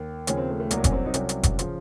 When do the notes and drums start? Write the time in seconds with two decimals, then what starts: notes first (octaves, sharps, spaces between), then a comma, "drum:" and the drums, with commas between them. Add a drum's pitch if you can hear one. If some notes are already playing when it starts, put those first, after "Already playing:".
Already playing: D#2
0.27 D#2 C#3 F3 C#4, drum: hi-hat
0.37 C4
0.49 A3
0.60 A3
0.71 C2 C3 F#3 A#3, drum: hi-hat
0.84 C#4, drum: kick F1, hi-hat
0.92 C4
1.06 D#4
1.14 C2 C3 F#3 C#4, drum: hi-hat
1.29 drum: hi-hat
1.43 drum: kick F1, hi-hat
1.59 C#3 F3, drum: hi-hat